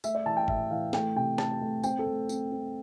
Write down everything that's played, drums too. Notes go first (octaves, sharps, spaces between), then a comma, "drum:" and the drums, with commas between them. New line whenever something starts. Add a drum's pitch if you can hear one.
A3 E5, drum: tambourine
D5
E3 A5
G5
A2 E5, drum: kick G1
E3 F5
A3 G5, drum: snare
C3 G5
A3 A5, drum: snare
A3
C4 G5, drum: tambourine
A4
A3
C4, drum: tambourine
C4